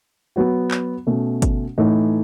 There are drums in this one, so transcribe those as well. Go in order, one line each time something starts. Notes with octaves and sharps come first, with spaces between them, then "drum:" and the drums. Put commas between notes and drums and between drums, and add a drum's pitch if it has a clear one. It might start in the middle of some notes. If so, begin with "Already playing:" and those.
F#3 B3 F#4
drum: clap
B2 A3 C#4
drum: kick, hi-hat
A2 E3 A3 D#4